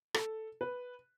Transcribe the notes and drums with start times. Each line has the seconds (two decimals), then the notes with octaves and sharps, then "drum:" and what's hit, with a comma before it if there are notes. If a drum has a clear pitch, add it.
0.14 A4, drum: rim click
0.61 B4